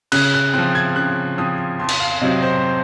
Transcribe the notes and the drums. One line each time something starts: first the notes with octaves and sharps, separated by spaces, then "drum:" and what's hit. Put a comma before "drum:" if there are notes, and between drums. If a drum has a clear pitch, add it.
C#3 F#6, drum: cymbal
F#6
F3 C4 F#6
G#6
C#3 F#6
F3 C4 D#6
F2 C6
drum: cymbal
F5
C3 F#3 C4 D#5
C5